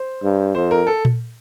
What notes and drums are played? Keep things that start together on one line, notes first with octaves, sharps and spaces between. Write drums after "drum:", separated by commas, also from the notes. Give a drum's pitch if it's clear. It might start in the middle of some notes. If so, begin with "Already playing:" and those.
Already playing: C5
G2
F2 C5
A#4
A4
drum: tom A#2